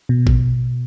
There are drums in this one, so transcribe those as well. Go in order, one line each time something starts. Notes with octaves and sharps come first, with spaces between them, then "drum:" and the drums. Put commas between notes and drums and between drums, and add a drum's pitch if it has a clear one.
B2
drum: kick A1